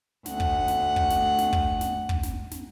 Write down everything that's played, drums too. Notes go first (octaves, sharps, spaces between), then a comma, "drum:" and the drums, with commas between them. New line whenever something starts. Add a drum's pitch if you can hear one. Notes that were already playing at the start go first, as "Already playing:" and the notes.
D2 F#5, drum: snare
drum: kick
drum: snare
drum: kick
drum: snare
drum: snare
drum: kick
drum: snare
drum: kick
drum: snare
drum: snare